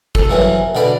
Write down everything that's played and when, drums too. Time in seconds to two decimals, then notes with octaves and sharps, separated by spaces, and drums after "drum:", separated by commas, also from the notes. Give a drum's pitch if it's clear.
0.15 A4, drum: kick
0.30 F#2 E3 F3
0.75 B2 D3 D5 B5